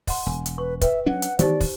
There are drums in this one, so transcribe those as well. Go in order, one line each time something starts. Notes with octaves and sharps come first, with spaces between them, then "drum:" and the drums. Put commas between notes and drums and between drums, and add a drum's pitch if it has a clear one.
D#5 F#5 C6, drum: kick, open hi-hat
E1 G#5
drum: hi-hat
B4 C#6
B4 E5 G5, drum: kick, hi-hat
F#3 C#4 D4 F#5
drum: hi-hat
D#3 E3 B3 D#4 G4 C5 D5, drum: hi-hat
drum: kick, open hi-hat